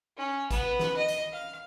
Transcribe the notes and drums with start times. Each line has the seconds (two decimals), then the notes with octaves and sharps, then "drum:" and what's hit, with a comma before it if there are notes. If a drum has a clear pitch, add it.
0.17 C#4
0.51 B3, drum: kick G#1, hi-hat
0.79 drum: snare
0.97 D#5
1.08 drum: hi-hat
1.32 F5